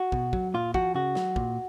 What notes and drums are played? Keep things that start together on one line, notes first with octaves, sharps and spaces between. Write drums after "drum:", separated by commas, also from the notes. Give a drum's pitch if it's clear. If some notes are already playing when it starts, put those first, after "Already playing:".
Already playing: F#4
B2, drum: kick
F#3, drum: kick
A#2 F4
F3 F#4, drum: kick
C#3 F#4
F#3, drum: snare
A#2, drum: kick